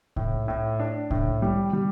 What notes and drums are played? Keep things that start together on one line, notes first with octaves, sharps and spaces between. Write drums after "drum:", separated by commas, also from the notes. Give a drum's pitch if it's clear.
A2, drum: kick C2
A2
D4
A2, drum: kick C2
G3
G3